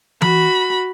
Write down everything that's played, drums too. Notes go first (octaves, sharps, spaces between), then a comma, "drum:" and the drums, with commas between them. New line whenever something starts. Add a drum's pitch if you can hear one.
F#4 B5, drum: tom E3